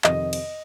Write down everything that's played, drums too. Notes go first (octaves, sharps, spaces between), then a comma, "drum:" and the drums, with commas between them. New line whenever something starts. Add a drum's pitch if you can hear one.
F2 C3 D#3 C4 D#5, drum: clap
drum: cymbal